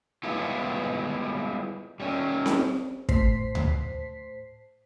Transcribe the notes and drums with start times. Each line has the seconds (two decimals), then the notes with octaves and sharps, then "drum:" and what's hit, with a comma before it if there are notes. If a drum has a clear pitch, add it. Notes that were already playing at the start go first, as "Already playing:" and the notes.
0.23 G3 G#3 B3 E4 F4
2.00 G3 C#4
2.46 drum: snare C4
3.09 A2 C5 B6 C7, drum: kick
3.55 drum: tom D2